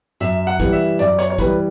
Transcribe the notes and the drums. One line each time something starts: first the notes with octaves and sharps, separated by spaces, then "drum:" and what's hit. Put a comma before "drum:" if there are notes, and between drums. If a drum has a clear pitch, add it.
F#2 E5, drum: hi-hat
F#5
E3 G3, drum: kick, hi-hat
E5
F#2 D5, drum: hi-hat
C#5, drum: hi-hat
C#5
E3 G3 B4, drum: kick, hi-hat